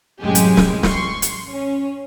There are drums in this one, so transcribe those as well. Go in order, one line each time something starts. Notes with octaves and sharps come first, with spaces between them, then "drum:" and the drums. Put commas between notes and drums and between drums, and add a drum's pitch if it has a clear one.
A1 F#2 C3 G#3 G4 G#5
drum: hi-hat
drum: snare
C6 C#6, drum: snare
drum: hi-hat
C#4